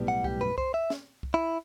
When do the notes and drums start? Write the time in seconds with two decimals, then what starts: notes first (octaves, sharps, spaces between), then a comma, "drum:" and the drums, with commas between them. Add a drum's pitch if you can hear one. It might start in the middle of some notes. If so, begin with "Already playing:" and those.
Already playing: B1 A2 G3 B3
0.08 F#5
0.24 G4, drum: kick C2
0.41 B4, drum: tom F#2
0.58 C5, drum: kick C2
0.74 E5
0.90 drum: snare
1.23 drum: kick C2
1.34 E4